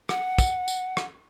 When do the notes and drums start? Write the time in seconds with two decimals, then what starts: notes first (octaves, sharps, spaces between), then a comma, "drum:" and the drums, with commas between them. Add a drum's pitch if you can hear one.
0.09 F#5, drum: rim click
0.38 drum: kick, tambourine
0.68 drum: tambourine
0.97 drum: rim click